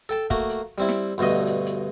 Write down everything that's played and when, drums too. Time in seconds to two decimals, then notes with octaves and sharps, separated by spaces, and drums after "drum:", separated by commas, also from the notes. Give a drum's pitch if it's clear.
0.09 A4 G5 A5
0.30 A3 A#3 F#4, drum: kick, hi-hat
0.50 drum: hi-hat
0.78 G3 C4 E4
0.89 drum: snare
1.18 D2 G2 B2 A3 D#5
1.47 drum: hi-hat
1.66 drum: hi-hat